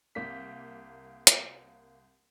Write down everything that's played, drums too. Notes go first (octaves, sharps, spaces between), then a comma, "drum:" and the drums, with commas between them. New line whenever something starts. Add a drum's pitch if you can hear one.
C2 A#3 B6
drum: hi-hat